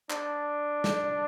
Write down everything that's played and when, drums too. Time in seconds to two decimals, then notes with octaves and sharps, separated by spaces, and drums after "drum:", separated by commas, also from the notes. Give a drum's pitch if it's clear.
0.10 D4, drum: clap
0.84 drum: snare